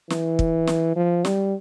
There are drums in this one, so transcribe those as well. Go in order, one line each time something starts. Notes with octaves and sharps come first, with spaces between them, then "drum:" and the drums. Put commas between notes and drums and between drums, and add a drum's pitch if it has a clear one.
E3, drum: snare
drum: kick
drum: snare
F3
G3, drum: snare